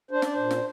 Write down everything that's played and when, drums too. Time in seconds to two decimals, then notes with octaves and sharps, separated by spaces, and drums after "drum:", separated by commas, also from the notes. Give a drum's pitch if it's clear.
0.11 D4 C5
0.22 D5, drum: snare
0.34 A#2 C5
0.51 drum: snare